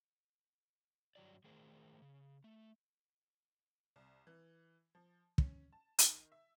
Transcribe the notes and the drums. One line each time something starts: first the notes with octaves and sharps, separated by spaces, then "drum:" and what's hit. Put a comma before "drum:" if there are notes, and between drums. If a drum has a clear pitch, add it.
G2 C3 F#3 D5
D#3 A3 G#4 A#4 C5
C#3
A3
C2
E3
F3
C#4, drum: kick
A5
D#3, drum: hi-hat
E5